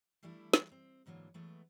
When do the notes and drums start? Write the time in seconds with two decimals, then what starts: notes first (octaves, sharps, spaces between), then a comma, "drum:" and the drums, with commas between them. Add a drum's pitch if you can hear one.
0.23 E3 G3 A3 D4 E4
0.53 drum: snare
0.71 C4
1.06 G#2 D3 E3 F#3 A#3
1.34 E3 F#3 G#3 A3 B3